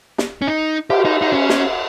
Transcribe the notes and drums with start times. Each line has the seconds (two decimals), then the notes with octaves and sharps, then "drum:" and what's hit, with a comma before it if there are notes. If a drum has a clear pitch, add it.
0.18 drum: snare
0.42 C#4
0.47 D#4
0.90 G4, drum: cymbal
1.05 D#4
1.22 D#4
1.32 C#4
1.49 drum: snare